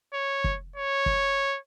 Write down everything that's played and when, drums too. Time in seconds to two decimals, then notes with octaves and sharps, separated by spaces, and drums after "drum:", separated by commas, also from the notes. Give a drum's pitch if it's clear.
0.13 C#5
0.44 drum: kick
0.76 C#5
1.06 drum: kick